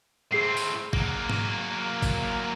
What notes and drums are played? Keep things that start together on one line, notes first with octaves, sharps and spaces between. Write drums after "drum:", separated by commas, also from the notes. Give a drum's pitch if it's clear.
A2 C4 G#4 C7
drum: tambourine
F#3 A#3, drum: kick
drum: tom G#2
drum: kick, tambourine